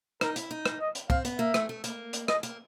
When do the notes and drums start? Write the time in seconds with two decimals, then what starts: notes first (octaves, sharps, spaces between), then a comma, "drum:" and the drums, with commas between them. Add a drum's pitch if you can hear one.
0.21 D#4 A#4, drum: rim click
0.36 E4, drum: hi-hat
0.51 D#4
0.65 drum: rim click
0.81 D#5
0.95 drum: hi-hat
1.10 C4 F5, drum: kick
1.25 B3, drum: hi-hat
1.39 A#3 E5
1.54 A3, drum: rim click
1.69 A3
1.84 A#3, drum: hi-hat
2.13 drum: hi-hat
2.28 D#5, drum: rim click
2.43 A#3, drum: hi-hat